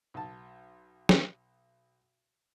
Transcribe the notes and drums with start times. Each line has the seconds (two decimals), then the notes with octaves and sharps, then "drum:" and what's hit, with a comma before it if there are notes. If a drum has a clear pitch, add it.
0.14 B1 A5
1.09 drum: snare